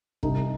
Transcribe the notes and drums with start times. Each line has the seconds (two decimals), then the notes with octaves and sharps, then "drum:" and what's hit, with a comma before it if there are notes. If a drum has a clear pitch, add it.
0.23 C2 D#4, drum: kick